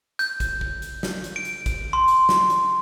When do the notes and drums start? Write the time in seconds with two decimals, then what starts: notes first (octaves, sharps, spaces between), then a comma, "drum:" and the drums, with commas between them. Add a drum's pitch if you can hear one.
0.19 G6, drum: hi-hat
0.40 drum: kick, hi-hat
0.61 drum: kick
0.82 drum: hi-hat
1.03 drum: snare
1.24 drum: hi-hat
1.36 D7
1.45 drum: hi-hat
1.66 drum: kick, hi-hat
1.93 C6
2.08 drum: hi-hat
2.29 drum: snare
2.50 drum: hi-hat